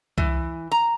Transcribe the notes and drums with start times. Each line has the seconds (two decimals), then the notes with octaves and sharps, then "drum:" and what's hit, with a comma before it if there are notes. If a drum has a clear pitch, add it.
0.18 E3, drum: kick C2
0.72 A#5